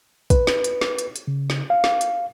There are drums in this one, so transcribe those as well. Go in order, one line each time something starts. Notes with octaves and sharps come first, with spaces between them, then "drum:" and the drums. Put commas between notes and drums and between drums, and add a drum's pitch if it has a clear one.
B4, drum: kick, hi-hat
drum: snare
drum: hi-hat
drum: snare
drum: hi-hat
drum: hi-hat
C#3
drum: snare
F5
drum: snare
drum: hi-hat